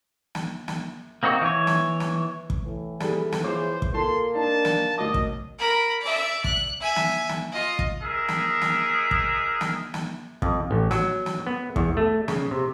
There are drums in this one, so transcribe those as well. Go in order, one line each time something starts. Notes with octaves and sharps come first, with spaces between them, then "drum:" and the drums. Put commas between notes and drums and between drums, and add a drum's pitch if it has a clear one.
drum: snare
drum: snare
A#3 C4 D#4 F#4
E3 C#5
drum: snare
drum: snare
drum: kick
A2 E3
G3 G#4 A4, drum: snare
drum: snare
E3 F4 G#4 C5 C#5 D6
drum: kick
A#2 A#3 A4 A5 C6
D4 D#4 A5
drum: snare
D2 F#3 A#4 D#5 D6
drum: kick
A#4 B5
D5 E5
F#6, drum: kick
E5 G#5
drum: snare
drum: snare
F4 D#5
drum: kick
D#4 G#4 A#4 E5
drum: snare
drum: snare
drum: kick
drum: snare
drum: snare
F2, drum: kick
A1
F#3, drum: snare
drum: snare
B3
E2, drum: kick
A3
C#3, drum: snare
C3